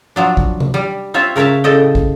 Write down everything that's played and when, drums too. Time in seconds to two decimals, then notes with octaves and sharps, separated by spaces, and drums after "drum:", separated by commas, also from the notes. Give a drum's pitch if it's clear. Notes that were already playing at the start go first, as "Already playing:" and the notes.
0.16 F3 F#3 D4
0.37 drum: kick
0.60 drum: tom C3
0.74 G3
1.14 C4 F4 C#5 E5
1.36 C#3 A#4 C#5 E5 A5
1.64 A2 C#3 A4 D#5 G5
1.95 drum: kick